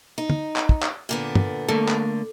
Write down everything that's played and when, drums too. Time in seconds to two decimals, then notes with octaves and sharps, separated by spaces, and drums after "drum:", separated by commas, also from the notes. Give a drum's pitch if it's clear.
0.18 D#4
0.30 drum: tom
0.56 drum: clap
0.69 drum: kick
0.83 drum: clap
1.09 A#2 D3 B3
1.35 drum: tom
1.69 D3 A3 A#3 A4
1.88 drum: clap